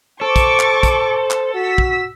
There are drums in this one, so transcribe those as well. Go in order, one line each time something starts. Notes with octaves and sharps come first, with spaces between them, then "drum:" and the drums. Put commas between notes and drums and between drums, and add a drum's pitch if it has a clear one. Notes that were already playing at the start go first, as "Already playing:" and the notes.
A4 C5 C#6 D6
drum: kick, hi-hat
drum: clap
drum: kick, hi-hat
drum: clap
F#4 E6 B6
drum: kick